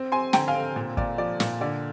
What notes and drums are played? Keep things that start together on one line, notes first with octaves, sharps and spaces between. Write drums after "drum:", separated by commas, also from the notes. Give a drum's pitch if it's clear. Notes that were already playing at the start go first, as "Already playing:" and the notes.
Already playing: C4
C4 G#5 C6
D3 G5 A#5, drum: snare
F5 G#5
C4
A#2
A#2 D5, drum: kick
F3 D5
A#2, drum: snare
D3 D5